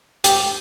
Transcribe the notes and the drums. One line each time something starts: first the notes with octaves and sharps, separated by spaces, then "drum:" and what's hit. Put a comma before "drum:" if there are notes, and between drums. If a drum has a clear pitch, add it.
G4, drum: hi-hat